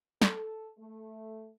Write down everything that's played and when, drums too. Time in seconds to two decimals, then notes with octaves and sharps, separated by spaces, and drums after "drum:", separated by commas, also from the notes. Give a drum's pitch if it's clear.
0.22 A4, drum: snare
0.79 A3